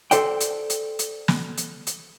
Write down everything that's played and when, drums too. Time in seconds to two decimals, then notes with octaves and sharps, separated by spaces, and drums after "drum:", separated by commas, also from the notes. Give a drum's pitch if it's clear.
0.11 A4 C5 D5 G5, drum: hi-hat
0.40 drum: hi-hat
0.70 drum: hi-hat
0.99 drum: hi-hat
1.28 drum: snare
1.57 drum: hi-hat
1.87 drum: hi-hat